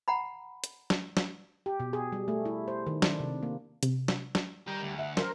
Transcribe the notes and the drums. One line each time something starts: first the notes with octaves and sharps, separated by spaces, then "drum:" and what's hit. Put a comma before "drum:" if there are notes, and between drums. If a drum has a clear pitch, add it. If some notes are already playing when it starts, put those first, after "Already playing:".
F#5 A#5 B5
drum: hi-hat
drum: snare
drum: snare
G4
B2
G#4
G3
A3
E4
C5
D#3
D4, drum: snare
C3
A#3
C3, drum: hi-hat
drum: snare
drum: snare
G3 A#4 G5
D2
E5 F#5
A#4 C5, drum: snare